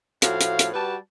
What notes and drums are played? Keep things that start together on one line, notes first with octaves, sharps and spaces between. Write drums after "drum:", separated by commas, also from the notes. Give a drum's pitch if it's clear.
A2 F3 A3 F#4 F5, drum: hi-hat
drum: hi-hat
drum: hi-hat
G3 F#4 B4 A5